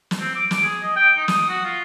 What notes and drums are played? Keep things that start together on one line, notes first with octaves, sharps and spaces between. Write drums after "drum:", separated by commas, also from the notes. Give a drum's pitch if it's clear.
drum: snare
C4
D6
D6, drum: snare
G#4
D#5
G5
D#4
D#6, drum: snare
F#4
F4